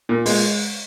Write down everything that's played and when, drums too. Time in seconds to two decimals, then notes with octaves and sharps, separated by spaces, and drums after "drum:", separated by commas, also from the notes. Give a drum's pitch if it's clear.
0.09 A#2
0.26 G#3, drum: open hi-hat